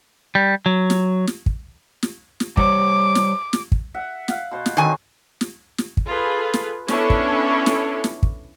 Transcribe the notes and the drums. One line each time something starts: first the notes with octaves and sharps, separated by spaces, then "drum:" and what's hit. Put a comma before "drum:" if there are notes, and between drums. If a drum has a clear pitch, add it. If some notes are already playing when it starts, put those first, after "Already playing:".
G3
F#3
drum: snare
drum: snare
drum: kick
drum: snare
drum: snare
G3 C5 C#5 D6, drum: kick
drum: snare
drum: snare
drum: kick
E5 F#5
F5 F#5, drum: snare
B2 C5
drum: snare
D3 D#3 F#3 C4 G#5
drum: snare
drum: snare
drum: kick
F4 G#4 A4 B4
drum: snare
B3 C#4 D4 E4 A4 C#5, drum: snare
drum: kick
drum: snare
drum: snare
drum: kick